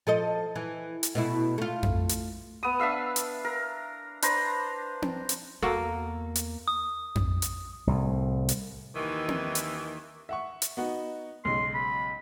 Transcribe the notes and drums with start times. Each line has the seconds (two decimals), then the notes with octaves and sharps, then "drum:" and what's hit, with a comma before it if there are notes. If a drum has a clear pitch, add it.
0.07 F3 A4 D#5
0.56 E3
1.03 drum: hi-hat
1.15 B2 A3 E4
1.58 A3 F4
1.83 drum: tom F2
2.09 drum: hi-hat
2.63 B3 D#6
2.79 D4 E5 F5 E6
3.16 drum: hi-hat
3.45 A#4
4.22 D4 B4 C5 A#5, drum: hi-hat
5.02 drum: tom C4
5.29 drum: hi-hat
5.62 E2 A#3 B3 F#4 A4
6.36 drum: hi-hat
6.68 D#6
7.15 drum: tom F2
7.42 drum: hi-hat
7.87 C2 A2
8.49 drum: hi-hat
8.95 D#2 D#3 E3
9.28 drum: tom C4
9.55 drum: hi-hat
10.29 E5 F#5 C#6
10.62 drum: hi-hat
10.77 B3 D#4 F#4
11.45 B1 C#3 G#3 C6
11.74 B5